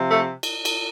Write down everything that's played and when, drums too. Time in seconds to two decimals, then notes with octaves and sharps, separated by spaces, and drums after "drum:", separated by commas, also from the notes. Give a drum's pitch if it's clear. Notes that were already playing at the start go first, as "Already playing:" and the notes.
Already playing: C3 F3
0.10 A3
0.43 drum: cymbal
0.65 drum: cymbal